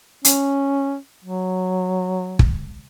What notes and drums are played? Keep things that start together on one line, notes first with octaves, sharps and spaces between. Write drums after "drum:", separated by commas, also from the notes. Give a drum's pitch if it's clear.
C#4, drum: hi-hat
F#3
drum: kick